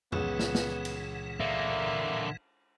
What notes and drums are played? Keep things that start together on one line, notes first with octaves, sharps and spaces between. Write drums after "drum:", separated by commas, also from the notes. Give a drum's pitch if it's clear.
C#2 A#2 E3 B3 F#5, drum: tom
drum: snare
drum: snare
drum: cymbal
D3 A#3 E5